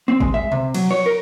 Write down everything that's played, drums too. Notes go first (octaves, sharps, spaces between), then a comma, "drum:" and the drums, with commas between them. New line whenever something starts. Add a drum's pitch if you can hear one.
C4
G#3, drum: kick G#1
E5
C3
F#3, drum: cymbal
C#5
A#4